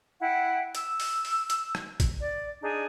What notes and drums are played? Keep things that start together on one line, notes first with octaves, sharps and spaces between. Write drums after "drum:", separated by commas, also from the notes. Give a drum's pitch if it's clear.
E4 F#5 G5
E6, drum: hi-hat
drum: open hi-hat
drum: open hi-hat
drum: hi-hat
drum: rim click
drum: kick A1, hi-hat
D5
D4 D#4 G#4